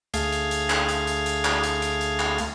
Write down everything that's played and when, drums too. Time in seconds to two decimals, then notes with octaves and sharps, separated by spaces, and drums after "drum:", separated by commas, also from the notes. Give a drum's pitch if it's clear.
0.14 D2 A3 G#4 F5, drum: hi-hat
0.32 drum: hi-hat
0.51 drum: hi-hat
0.70 drum: clap
0.89 drum: hi-hat
1.07 drum: hi-hat
1.26 drum: hi-hat
1.45 drum: clap
1.63 drum: hi-hat
1.82 drum: hi-hat
2.01 drum: hi-hat
2.20 drum: clap
2.38 drum: hi-hat